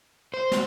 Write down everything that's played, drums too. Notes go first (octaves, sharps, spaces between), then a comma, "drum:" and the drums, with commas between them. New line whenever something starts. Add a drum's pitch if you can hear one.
C5
drum: snare